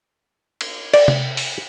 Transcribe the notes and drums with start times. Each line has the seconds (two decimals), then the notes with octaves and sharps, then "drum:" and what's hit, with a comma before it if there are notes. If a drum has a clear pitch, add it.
0.61 drum: cymbal
0.94 D5, drum: cymbal
1.08 drum: tom C3
1.37 drum: open hi-hat